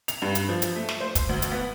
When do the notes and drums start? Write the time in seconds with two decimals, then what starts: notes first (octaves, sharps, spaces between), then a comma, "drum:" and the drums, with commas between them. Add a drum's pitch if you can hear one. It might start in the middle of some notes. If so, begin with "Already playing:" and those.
0.08 F7, drum: hi-hat
0.22 G2
0.35 drum: hi-hat
0.49 F3
0.62 drum: hi-hat
0.76 A3
0.89 drum: snare
1.00 C5
1.15 drum: kick, hi-hat
1.29 D2
1.42 drum: hi-hat
1.51 B3